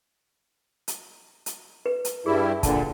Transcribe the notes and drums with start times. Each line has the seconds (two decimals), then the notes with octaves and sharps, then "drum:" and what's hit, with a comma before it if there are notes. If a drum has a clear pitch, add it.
0.88 drum: hi-hat
1.46 drum: hi-hat
1.86 B4
2.05 drum: hi-hat
2.26 G2 G3 E4 G#4
2.63 A#2 D3 A5, drum: kick, hi-hat